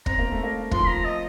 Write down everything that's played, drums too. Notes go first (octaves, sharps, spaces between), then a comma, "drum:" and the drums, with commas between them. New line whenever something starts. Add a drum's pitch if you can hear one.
C4 A#5, drum: kick
A#3
A3
A#3
F3 C6, drum: kick
A#5
D#5